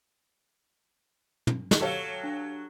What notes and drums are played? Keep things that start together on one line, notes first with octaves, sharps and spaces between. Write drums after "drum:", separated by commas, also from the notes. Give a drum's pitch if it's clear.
drum: tom
drum: snare
F#3 G4 A4 C#5 F5
D4